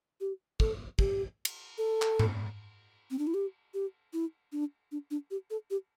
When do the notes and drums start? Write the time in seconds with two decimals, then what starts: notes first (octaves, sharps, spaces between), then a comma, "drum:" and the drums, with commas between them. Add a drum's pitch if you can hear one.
0.21 G4
0.60 A4, drum: kick
0.99 G4, drum: kick
1.45 drum: cymbal
1.78 A4
2.02 drum: clap
2.19 drum: tom G#2
3.11 C4
3.19 D4
3.27 E4
3.34 G4
3.74 G4
4.13 E4
4.52 D4
4.92 D4
5.11 D4
5.31 G4
5.50 A4
5.70 G4